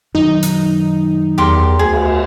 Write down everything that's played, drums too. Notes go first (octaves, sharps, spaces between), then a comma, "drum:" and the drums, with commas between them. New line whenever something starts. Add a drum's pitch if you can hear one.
F#2 D#3 F#3 D#4
drum: hi-hat
E2 G4 A#4 C6
D2 G#4
drum: cymbal